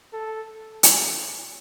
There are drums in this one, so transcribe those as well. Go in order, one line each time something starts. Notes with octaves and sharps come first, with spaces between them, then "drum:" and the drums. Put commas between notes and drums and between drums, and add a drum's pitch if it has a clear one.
A4
drum: hi-hat